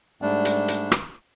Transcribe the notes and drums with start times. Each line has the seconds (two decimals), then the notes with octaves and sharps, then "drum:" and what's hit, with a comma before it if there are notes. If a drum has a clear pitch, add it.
0.22 G#2 G3 A3 D4
0.45 drum: hi-hat
0.68 drum: hi-hat
0.92 drum: rim click